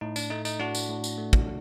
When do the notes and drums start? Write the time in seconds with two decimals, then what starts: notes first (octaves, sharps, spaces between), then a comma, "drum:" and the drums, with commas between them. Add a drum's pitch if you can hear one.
0.01 A2 D#4
0.16 D4, drum: tambourine
0.30 A3 D#4
0.45 D#4, drum: tambourine
0.59 A2 D4 F#4
0.75 drum: tambourine
0.89 A2
1.04 drum: tambourine
1.18 A3
1.33 drum: kick